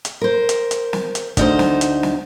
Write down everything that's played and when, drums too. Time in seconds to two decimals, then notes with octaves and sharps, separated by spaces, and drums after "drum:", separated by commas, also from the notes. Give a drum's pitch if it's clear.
0.05 drum: hi-hat
0.21 A#4 C5
0.49 drum: hi-hat
0.71 drum: hi-hat
0.93 drum: snare
1.15 drum: hi-hat
1.37 D2 D#4 C5, drum: kick, hi-hat
1.59 drum: snare
1.81 drum: hi-hat
2.03 drum: snare